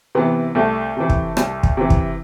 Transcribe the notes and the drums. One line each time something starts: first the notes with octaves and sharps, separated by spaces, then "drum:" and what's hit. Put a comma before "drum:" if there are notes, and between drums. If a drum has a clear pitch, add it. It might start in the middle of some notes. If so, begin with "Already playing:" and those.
C3 E3 B3
C2 A3
C3 E3
drum: kick
C2, drum: rim click
drum: kick
C3 E3
drum: kick